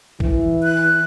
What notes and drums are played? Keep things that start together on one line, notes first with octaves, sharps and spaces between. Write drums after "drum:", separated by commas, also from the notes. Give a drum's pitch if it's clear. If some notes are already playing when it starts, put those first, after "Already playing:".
E3, drum: kick
F#6